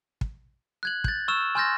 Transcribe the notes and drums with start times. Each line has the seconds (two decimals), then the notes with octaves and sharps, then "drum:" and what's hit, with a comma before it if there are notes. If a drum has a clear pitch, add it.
0.21 drum: kick
0.83 F#6 G#6 F#7
1.04 G6 A6, drum: kick
1.28 C#6 E6 F6 E7
1.55 G#5 C6 F6 G6 A6 A#6